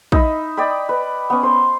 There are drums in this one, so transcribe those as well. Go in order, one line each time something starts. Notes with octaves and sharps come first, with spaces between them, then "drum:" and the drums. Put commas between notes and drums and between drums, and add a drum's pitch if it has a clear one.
D#4 D#5 E5 B5, drum: kick A#1
D5 D#5 G5 B5
B4
B3 C#4
C5 C6